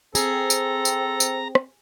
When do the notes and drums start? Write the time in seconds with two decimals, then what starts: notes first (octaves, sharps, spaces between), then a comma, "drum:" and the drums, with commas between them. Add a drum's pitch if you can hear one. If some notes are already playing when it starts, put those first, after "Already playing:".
0.15 C4 G#4 A4 A#5, drum: tambourine
0.50 drum: tambourine
0.85 drum: tambourine
1.20 drum: tambourine
1.55 drum: rim click